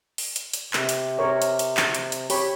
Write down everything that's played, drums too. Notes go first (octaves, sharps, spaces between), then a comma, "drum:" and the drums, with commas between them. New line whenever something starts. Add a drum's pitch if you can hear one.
drum: open hi-hat
drum: hi-hat
drum: hi-hat
C3, drum: clap
drum: hi-hat
A#4 C#5
drum: hi-hat
drum: hi-hat
drum: clap
drum: hi-hat
drum: hi-hat
G4 C#5 B5, drum: open hi-hat